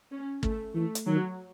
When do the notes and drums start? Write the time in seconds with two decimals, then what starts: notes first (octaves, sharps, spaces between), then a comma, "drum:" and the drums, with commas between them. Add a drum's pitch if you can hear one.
0.11 C#4
0.43 A3, drum: kick
0.74 E3 A3
0.95 drum: hi-hat
1.07 D#3 F#3